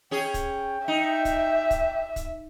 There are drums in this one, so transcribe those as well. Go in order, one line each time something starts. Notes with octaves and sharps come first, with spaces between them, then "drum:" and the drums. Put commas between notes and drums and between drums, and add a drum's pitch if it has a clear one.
C#4 G#4 G5
drum: kick, hi-hat
D#4 E5
drum: kick, hi-hat
drum: kick, hi-hat
drum: kick, hi-hat